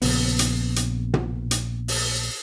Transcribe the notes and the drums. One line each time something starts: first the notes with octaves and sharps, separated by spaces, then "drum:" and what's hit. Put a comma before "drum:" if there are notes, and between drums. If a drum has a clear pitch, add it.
A#1 C#3 B3, drum: open hi-hat
drum: hi-hat
drum: hi-hat
drum: tom
drum: hi-hat
drum: open hi-hat